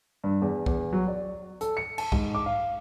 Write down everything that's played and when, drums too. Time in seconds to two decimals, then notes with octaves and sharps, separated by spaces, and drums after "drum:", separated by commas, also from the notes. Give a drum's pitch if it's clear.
0.24 G2
0.41 E2
0.66 E2, drum: kick B1
0.93 F#3
1.07 D5
1.61 A4, drum: hi-hat
1.77 C#7
1.98 A5, drum: cymbal
2.12 G#2, drum: kick B1
2.35 D6
2.46 F5